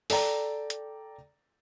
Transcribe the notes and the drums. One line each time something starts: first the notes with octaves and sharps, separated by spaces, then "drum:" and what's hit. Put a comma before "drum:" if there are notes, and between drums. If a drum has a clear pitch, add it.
A4 D5 G5 A#5, drum: open hi-hat
drum: hi-hat